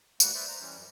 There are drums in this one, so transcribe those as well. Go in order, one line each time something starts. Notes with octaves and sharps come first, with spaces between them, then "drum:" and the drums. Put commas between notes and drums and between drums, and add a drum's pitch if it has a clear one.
D2 G3 A#3 F#4 B4 F#5, drum: tambourine
B4 C5 D5 E5
C5 A#5
E3 G3 C#4
F#2